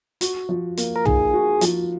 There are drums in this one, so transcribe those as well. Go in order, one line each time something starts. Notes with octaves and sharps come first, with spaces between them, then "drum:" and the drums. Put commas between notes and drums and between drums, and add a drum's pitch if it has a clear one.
F#4, drum: hi-hat
F3
A#3, drum: hi-hat
A#4
D#4 G#4, drum: tom
F#4
F3, drum: hi-hat